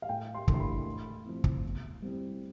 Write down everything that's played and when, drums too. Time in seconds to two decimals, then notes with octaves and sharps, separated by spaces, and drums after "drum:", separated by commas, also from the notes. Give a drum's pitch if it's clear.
0.02 F5
0.09 A2 G5
0.34 C6
0.48 E3 A3 D4, drum: kick
0.54 C6
0.60 B5
0.86 A2
1.24 F3 C4 E4
1.44 drum: kick
1.64 B2
2.02 G3 C4 E4